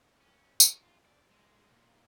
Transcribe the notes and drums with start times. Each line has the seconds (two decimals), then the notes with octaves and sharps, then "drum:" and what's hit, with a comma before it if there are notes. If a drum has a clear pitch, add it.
0.21 C#4
0.60 C#5, drum: tambourine
0.83 F4
1.05 D5
1.31 G#3
1.71 A#2